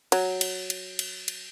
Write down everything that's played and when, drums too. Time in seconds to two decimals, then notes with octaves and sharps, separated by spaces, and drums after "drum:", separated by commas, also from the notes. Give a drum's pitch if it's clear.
0.12 F#3, drum: cymbal
0.41 drum: cymbal
0.70 drum: cymbal
0.99 drum: cymbal
1.28 drum: cymbal